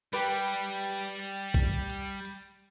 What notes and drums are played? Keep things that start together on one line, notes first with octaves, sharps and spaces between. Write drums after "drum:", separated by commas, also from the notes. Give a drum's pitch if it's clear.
G3 G4 B4, drum: hi-hat
drum: open hi-hat
drum: hi-hat
drum: hi-hat
drum: kick A#1
drum: hi-hat
drum: hi-hat